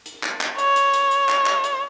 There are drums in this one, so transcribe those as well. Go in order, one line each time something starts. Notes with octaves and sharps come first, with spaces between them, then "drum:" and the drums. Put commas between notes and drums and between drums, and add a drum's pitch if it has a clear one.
drum: hi-hat
drum: clap
drum: clap
C#5, drum: hi-hat
drum: hi-hat
drum: hi-hat
drum: hi-hat
drum: clap
drum: clap
drum: hi-hat